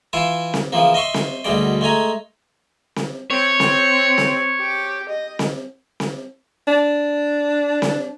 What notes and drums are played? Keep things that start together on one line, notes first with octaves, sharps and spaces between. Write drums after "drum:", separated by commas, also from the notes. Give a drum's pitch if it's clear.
E3 E4 F4 E5
drum: snare C4
C#3 E3 F3 A#3
D#5 E5 C6 C#6
drum: snare C4
D2 B2 G3 G#3 D5
G#3 A3 G#5 A#5
drum: snare C4
C4 C#5
C4, drum: snare C4
drum: snare C4
G4
D#5
drum: snare C4
drum: snare C4
D4
drum: snare C4